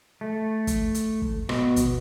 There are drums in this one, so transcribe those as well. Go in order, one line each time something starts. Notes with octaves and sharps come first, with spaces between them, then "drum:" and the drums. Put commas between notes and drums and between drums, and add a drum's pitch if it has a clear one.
A3
drum: kick, hi-hat
drum: hi-hat
drum: kick
B2, drum: rim click
drum: kick, hi-hat